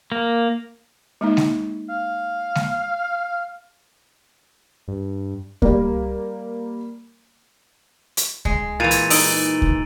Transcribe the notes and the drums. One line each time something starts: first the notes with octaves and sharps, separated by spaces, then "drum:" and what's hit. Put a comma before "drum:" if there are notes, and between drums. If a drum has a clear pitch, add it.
A#3
G#3 A#3 D#4
drum: snare G#3
F5
drum: snare G#3
G2
G3 A#3, drum: kick C#2
drum: hi-hat
G#3, drum: kick C#2
A#2 E3 A6 D#7 F7
drum: hi-hat
D#4 E6 D7 F#7, drum: open hi-hat
drum: kick C#2